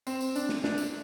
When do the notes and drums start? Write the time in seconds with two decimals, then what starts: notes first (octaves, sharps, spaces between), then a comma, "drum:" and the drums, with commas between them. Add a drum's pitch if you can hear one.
0.07 C4, drum: tambourine
0.21 drum: tambourine
0.35 D4, drum: tambourine
0.49 drum: snare
0.64 D4, drum: snare
0.78 drum: tambourine